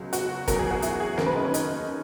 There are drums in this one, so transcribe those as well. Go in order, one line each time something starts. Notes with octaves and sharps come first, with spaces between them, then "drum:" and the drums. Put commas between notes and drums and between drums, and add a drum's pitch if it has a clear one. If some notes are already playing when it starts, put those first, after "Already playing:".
Already playing: C#2 B2 F#3
F#4, drum: hi-hat
E2 B2 F#3 A#4, drum: kick, hi-hat
G#4
F#4
E4, drum: hi-hat
G#4
D#2 C#3 F#3 A#4, drum: snare
B4
D#4
C#4
D#4, drum: hi-hat